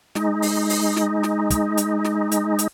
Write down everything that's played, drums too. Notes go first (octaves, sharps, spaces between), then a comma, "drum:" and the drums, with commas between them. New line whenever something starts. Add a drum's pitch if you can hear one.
G#3 D#4, drum: snare
drum: open hi-hat
drum: open hi-hat
drum: snare
drum: snare
drum: kick, hi-hat
drum: hi-hat
drum: snare
drum: hi-hat
drum: hi-hat